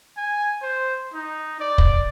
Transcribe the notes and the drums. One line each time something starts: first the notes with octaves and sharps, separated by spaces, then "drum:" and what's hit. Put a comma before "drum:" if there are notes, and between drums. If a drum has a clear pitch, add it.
G#5
C5
D#4
D5
drum: kick